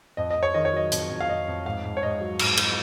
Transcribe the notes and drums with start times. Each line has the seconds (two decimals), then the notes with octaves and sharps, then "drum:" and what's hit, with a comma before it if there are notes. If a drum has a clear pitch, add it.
0.17 F2 D#5
0.31 D#5
0.36 F2
0.43 C#5
0.54 D#3 D#5
0.65 C#5
0.73 F#3 D#5
0.92 F2, drum: hi-hat
1.10 F2
1.20 F5
1.29 F2 D#5
1.48 F2
1.66 G#2 F5
1.84 G#2
1.97 C#5
2.02 G#2 D#5
2.21 F#3
2.39 G#2, drum: cymbal
2.57 F#3, drum: cymbal